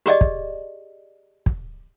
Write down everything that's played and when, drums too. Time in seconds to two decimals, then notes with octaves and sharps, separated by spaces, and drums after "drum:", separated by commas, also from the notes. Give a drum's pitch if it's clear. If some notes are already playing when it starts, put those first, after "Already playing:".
0.06 G4 G#4 D5 D#5, drum: hi-hat
0.21 drum: kick
1.46 drum: kick